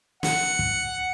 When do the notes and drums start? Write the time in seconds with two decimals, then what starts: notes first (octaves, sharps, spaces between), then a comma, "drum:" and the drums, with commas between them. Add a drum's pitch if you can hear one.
0.23 F#5, drum: snare
0.59 drum: kick